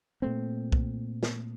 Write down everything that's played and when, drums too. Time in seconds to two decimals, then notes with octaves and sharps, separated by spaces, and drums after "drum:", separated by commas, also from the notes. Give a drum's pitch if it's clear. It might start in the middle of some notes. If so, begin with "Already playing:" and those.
0.22 A#2 A3 C4
0.72 drum: kick B1
1.23 drum: snare